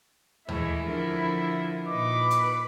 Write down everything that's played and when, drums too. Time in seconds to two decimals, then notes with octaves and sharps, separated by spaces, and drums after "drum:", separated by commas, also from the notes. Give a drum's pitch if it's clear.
0.48 E3 G#3 A3 E4, drum: tom D#2
0.86 D3 F3 A#4
1.88 A#2 D#4 B4 D6
2.31 drum: hi-hat